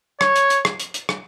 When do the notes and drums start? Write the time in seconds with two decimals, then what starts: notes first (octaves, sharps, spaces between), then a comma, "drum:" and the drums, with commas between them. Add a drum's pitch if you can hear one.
0.21 C#5, drum: rim click
0.36 drum: hi-hat
0.50 drum: hi-hat
0.65 drum: rim click
0.80 drum: hi-hat
0.94 drum: hi-hat
1.09 drum: rim click